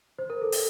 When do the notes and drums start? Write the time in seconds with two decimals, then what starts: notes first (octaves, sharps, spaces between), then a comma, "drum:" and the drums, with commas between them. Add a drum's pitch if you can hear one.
0.19 C5
0.30 A#4
0.42 A4
0.52 A#4, drum: open hi-hat